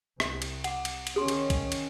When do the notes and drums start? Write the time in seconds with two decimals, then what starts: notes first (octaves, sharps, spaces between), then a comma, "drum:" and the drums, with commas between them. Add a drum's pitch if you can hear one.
0.20 C2 E5, drum: rim click
0.42 drum: cymbal
0.64 F#5 D6, drum: cymbal
0.85 drum: cymbal
1.07 drum: cymbal
1.16 D#3 C#4 G#4 C6
1.28 drum: cymbal
1.50 drum: kick, cymbal
1.72 drum: cymbal